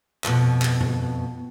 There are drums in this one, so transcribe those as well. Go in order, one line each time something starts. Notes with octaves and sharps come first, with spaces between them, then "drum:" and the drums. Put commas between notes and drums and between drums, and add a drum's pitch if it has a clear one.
F2 B2, drum: clap
drum: clap
drum: tom F#2